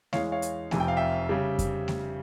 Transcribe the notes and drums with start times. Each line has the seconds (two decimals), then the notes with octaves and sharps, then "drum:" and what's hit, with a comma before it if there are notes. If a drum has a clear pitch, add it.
0.13 E2 E3 G#3 C#5 F5, drum: snare A3
0.32 C#5 F5
0.42 drum: hi-hat
0.71 F1 F2 C3 G#5, drum: snare A3
0.80 G5
0.88 F5
0.97 E5 G5
1.29 C#3 G3
1.59 drum: kick F2, hi-hat
1.88 drum: snare A3